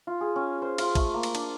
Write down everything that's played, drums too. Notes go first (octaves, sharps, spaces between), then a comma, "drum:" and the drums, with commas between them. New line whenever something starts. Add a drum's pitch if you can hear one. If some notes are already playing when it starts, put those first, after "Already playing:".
F4
G#4
C#4
C5
F4, drum: cymbal
A3, drum: kick, cymbal
A#3
drum: cymbal
D4, drum: cymbal